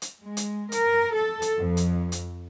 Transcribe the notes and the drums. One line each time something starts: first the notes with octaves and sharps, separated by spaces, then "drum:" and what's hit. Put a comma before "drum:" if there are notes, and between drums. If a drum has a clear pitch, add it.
drum: hi-hat
G#3
drum: hi-hat
A#4, drum: hi-hat
A4
drum: hi-hat
F2
drum: hi-hat
drum: hi-hat